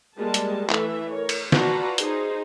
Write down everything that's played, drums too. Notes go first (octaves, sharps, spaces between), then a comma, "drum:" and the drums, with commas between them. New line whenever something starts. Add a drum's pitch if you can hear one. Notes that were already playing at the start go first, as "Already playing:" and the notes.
G3 G#3 A#3 A5
drum: hi-hat
E3 A3 A4 E5, drum: clap
A#4 C#5
drum: cymbal
F4 F#4 B4 D5 A5 A#5, drum: snare
D#4 G#4 C5, drum: hi-hat